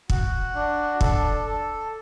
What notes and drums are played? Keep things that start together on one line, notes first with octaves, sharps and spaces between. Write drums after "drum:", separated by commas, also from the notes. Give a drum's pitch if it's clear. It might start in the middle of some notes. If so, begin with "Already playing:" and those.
F#4, drum: kick
D4
A4, drum: kick
A4